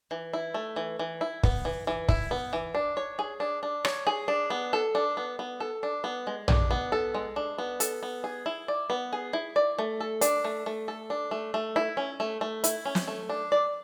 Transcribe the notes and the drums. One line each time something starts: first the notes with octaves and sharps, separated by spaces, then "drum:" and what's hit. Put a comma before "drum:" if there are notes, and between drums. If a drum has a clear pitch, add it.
E3
E4
A3
E3
E3
E4
B3, drum: kick
E3
E3
E4, drum: kick
B3
E3
D4
C#5
G#4
D4
D4
C#5, drum: rim click
G#4
D4
B3
A4
D4
B3
B3
A4
D4
B3
G#3
D4, drum: tom A#1
B3
A4
G#3
D4
B3
A4, drum: hi-hat
B3
G#4
E4
D5
B3
G#4
E4
D5
A3
A4
D4, drum: hi-hat
A3
A3
A4
D4
A3
A3
E4
C#4
A3
A3
E4, drum: hi-hat
C#4
drum: snare
A3
D4
D5